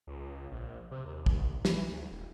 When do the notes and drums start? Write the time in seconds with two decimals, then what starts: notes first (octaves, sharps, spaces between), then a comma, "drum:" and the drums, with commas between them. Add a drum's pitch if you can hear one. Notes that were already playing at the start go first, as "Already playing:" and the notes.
0.07 C#2
0.51 A#1
0.91 C3
1.05 D#2
1.26 drum: kick
1.36 C2
1.65 E3, drum: snare
1.91 D2
2.11 D#1